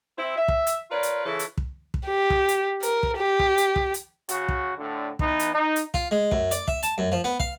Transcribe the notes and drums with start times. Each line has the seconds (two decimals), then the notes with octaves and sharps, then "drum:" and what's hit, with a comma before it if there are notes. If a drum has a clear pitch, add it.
0.18 C4 E4
0.37 E5
0.48 drum: kick
0.67 drum: hi-hat
0.91 F4 A#4 B4 C#5 D5
1.03 drum: hi-hat
1.25 C#3 E3 E4 A4
1.39 drum: hi-hat
1.58 drum: kick
1.94 drum: kick
2.07 G4
2.30 drum: kick
2.48 drum: hi-hat
2.83 A#4, drum: hi-hat
3.03 drum: kick
3.18 G4
3.39 drum: kick
3.58 drum: hi-hat
3.76 drum: kick
3.94 drum: hi-hat
4.29 C#3 F#4, drum: hi-hat
4.49 drum: kick
4.78 A2 D3
5.19 E3 B3 D#4, drum: kick
5.39 drum: hi-hat
5.53 D#4
5.76 drum: hi-hat
5.94 F4, drum: kick
6.11 G#3
6.32 F#2, drum: kick
6.51 D5, drum: hi-hat
6.68 E5, drum: kick
6.83 A5, drum: hi-hat
6.98 F#2
7.12 F3
7.24 B3
7.40 F5, drum: kick